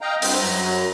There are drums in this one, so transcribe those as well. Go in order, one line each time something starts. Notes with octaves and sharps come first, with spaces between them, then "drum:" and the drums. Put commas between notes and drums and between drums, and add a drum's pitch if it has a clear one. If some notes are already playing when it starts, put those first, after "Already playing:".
D#5 F5 G5 A#5
G2 G3 C4, drum: open hi-hat
F#2 F#3 A#5